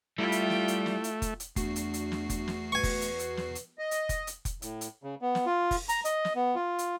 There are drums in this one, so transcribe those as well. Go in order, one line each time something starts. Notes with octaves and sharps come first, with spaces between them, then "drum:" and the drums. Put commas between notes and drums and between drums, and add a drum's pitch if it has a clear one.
G3 A3 E4 F4 G5
drum: hi-hat
drum: snare
drum: hi-hat
drum: snare
drum: hi-hat
drum: kick F1, hi-hat
drum: hi-hat
E2 A3 D4 F#4 C7, drum: kick F1, hi-hat
drum: hi-hat
drum: hi-hat
drum: snare
drum: kick F1, hi-hat
drum: snare
B4 G#5 C#6
drum: kick F1, open hi-hat
drum: hi-hat
drum: hi-hat
drum: snare
drum: hi-hat
D#5
drum: hi-hat
drum: kick F1, hi-hat
drum: hi-hat
drum: kick F1, hi-hat
A2, drum: hi-hat
drum: hi-hat
C#3
B3
drum: snare
F4
drum: kick F1, open hi-hat
A#5, drum: hi-hat
D#5, drum: hi-hat
drum: snare
B3
F4
drum: hi-hat